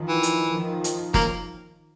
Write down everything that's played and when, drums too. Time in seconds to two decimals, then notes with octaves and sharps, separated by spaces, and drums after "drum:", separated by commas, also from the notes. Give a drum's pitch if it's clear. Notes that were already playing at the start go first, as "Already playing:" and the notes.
Already playing: D#3 F3
0.08 E3
0.23 drum: hi-hat
0.53 D#3 F3
0.84 drum: hi-hat
1.14 A#3, drum: snare